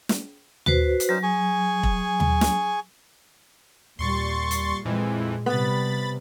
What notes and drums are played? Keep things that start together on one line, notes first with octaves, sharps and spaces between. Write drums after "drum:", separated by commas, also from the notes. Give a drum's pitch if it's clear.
drum: snare
F#4 B4 C5, drum: tom D#2
drum: hi-hat
F#3 C#4 D#4 C5
G#4 G#5 C#6
drum: kick E1
drum: tom D#2
drum: snare
D#2 A#2 G3 C6 C#6 A6
drum: hi-hat
F2 A#2 E3 G#3
C3 G3 B3 B5 A6